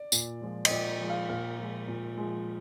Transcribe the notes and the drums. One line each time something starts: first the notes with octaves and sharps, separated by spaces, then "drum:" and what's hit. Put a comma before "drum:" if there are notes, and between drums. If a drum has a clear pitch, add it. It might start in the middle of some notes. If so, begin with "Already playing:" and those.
Already playing: D5
A#2, drum: tambourine
F3 G#3
D#5, drum: cymbal
A#2 D5
F3 G#3
F5
A#2 F5
F3 G#3
A#2
F3 G#3